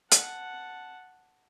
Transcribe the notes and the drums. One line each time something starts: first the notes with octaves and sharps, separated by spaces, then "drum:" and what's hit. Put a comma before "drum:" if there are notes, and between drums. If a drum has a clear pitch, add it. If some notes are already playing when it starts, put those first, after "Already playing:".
F#5 A5, drum: hi-hat